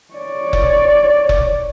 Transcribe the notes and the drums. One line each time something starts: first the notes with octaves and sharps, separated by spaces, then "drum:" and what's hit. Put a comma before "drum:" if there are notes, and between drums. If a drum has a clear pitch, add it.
C#5 D5
drum: kick F1
drum: kick F1